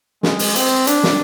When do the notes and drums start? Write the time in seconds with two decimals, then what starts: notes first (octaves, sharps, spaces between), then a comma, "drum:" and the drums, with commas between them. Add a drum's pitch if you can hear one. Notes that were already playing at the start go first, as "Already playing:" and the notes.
0.23 G#3, drum: snare
0.39 drum: open hi-hat
0.56 C4, drum: hi-hat
0.87 D4, drum: hi-hat
1.03 drum: snare